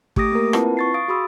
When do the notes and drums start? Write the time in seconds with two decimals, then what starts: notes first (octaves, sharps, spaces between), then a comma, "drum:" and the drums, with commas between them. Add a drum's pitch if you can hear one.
0.16 A3 G4 D6 D#6 A#6 D7, drum: kick
0.32 A#3 A#4
0.53 C4 E4 F4 B4 F#5 A5, drum: rim click
0.77 C#6 A6 C7
0.94 F5 D#6 A6 D7
1.08 F#4 G#4 B5 C6 D#6 E6